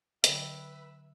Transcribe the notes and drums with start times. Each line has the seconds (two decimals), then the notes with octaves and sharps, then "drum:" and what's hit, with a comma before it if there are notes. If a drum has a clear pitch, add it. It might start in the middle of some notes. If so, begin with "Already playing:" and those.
0.24 D3 F#3 B4 E5 G5, drum: hi-hat